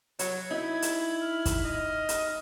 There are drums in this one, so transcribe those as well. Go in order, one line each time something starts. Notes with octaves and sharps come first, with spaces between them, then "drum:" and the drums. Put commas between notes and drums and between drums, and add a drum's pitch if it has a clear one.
F#3 C#5 G#6, drum: hi-hat
D#4 E4
drum: hi-hat
F6
drum: kick, hi-hat
D#5
drum: hi-hat